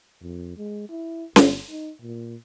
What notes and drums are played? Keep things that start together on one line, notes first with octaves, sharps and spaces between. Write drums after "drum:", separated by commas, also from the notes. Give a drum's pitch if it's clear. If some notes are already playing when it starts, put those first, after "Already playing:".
F2
G#3
E4
G1, drum: snare C#4
D#4
A#2